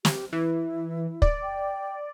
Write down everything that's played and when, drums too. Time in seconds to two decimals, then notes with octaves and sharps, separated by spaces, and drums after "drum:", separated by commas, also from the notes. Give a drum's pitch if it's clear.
0.05 G4, drum: snare
0.33 E3 E4
1.22 D5, drum: kick
1.43 G5